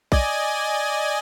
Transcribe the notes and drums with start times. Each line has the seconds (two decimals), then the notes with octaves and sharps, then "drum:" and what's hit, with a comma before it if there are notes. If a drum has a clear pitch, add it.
0.12 D5 D#5 G#5, drum: kick A#1